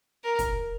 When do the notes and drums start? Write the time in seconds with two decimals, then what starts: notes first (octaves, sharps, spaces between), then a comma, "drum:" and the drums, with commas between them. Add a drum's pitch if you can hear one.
0.24 A#4
0.39 drum: kick, hi-hat